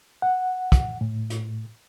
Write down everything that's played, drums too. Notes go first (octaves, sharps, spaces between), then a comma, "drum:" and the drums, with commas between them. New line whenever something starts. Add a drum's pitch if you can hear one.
F#5
drum: kick, hi-hat
A2
drum: hi-hat